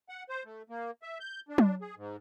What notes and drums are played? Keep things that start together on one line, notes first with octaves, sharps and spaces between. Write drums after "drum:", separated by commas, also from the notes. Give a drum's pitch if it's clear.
F#5
C5
A3
A#3
E5
G6
D4
drum: tom F#3
G#4
G#2